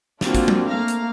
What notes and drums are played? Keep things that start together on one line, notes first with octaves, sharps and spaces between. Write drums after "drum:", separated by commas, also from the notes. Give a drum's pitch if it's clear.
G3 A#3 C4 D4 F4 F#4, drum: snare
drum: kick, hi-hat
drum: tom G3
A3 A#3 F5 A#5
drum: hi-hat